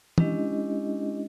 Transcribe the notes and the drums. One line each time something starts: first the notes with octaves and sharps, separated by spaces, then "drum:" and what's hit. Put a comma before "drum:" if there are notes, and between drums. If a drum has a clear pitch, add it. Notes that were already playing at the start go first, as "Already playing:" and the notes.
G#3 C#4 D4 E4 G4 D#5, drum: tom E3